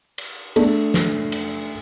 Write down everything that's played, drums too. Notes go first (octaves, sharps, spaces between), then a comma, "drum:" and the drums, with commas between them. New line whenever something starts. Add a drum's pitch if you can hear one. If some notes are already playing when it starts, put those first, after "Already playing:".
drum: cymbal
A3 D4, drum: cymbal
drum: snare
drum: cymbal